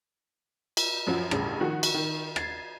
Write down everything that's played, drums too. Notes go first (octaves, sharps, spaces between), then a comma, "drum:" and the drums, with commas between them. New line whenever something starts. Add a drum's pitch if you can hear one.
drum: cymbal
F#2 F3 F#3
A1 G2 C#3, drum: rim click
D#3 F3 F#4
drum: cymbal
D#3
G#6 A6 C7, drum: rim click